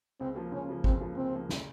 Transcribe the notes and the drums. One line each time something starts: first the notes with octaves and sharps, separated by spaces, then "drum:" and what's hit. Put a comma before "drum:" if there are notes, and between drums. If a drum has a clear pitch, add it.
C#2 C4
C#3 F3 A#3
C#2 C#4
C#3 F3 A#3
C#2 C4, drum: kick
C#3 F3 A#3
C#2 C4
C#3 F3 A#3
C#3, drum: snare